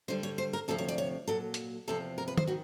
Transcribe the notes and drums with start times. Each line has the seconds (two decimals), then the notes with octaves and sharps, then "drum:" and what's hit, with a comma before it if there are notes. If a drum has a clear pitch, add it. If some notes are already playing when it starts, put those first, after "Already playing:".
0.08 G2 D3 G3 C5
0.23 C#5
0.38 C5
0.53 A#4
0.68 D2 C3 F3 A4
0.78 C#5
0.88 D5
0.98 C#5
1.28 A#2 F#3 A4
1.54 drum: hi-hat
1.88 E2 C3 F3 A4
2.18 A#4
2.28 B4
2.38 C5, drum: tom D#3
2.47 D#3 F#4